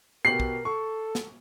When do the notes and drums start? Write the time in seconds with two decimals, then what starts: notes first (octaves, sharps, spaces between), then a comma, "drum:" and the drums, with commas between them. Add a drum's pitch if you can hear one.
0.25 B2 G4 A#4 C7 F#7
0.40 drum: kick
0.65 A4 C#6
1.15 drum: snare